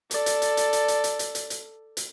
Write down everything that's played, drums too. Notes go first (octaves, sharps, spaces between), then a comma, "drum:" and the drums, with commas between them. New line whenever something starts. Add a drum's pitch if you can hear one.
A4 D5, drum: hi-hat
drum: hi-hat
drum: hi-hat
drum: hi-hat
drum: hi-hat
drum: hi-hat
drum: hi-hat
drum: hi-hat
drum: hi-hat
drum: hi-hat
drum: hi-hat